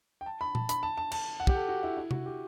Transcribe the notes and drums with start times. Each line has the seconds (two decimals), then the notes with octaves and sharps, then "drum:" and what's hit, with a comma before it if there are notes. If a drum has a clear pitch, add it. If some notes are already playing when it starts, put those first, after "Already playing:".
0.21 G5
0.26 A5
0.41 B5
0.55 A5, drum: tom A#2
0.69 B5, drum: hi-hat
0.83 A5
0.97 A5
1.12 A5, drum: cymbal
1.40 F#5
1.47 G4, drum: kick
1.55 A4
1.68 F#4
1.83 E4
1.97 E4
2.11 F#4, drum: tom C3
2.26 G4